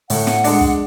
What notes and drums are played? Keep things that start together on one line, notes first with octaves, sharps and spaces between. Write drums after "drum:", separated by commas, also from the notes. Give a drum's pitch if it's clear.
A2 F#5, drum: open hi-hat
drum: snare
G#3 D4, drum: open hi-hat
drum: kick